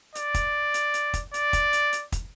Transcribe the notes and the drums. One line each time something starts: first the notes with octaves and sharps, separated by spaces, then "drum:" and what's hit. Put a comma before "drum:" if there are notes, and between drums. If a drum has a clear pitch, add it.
D5, drum: hi-hat
drum: kick, hi-hat
drum: hi-hat
drum: hi-hat
drum: kick, hi-hat
D5, drum: hi-hat
drum: kick, hi-hat
drum: hi-hat
drum: hi-hat
drum: kick, hi-hat